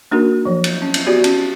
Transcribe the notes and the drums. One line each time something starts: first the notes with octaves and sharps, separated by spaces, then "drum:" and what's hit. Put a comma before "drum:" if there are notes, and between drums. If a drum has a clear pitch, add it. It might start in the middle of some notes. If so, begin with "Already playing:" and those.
A#3 D4 D#4 F#4 A#4
F3 F#3
drum: cymbal
C#4
drum: cymbal
B3 F#4 G4 D5
C#4, drum: cymbal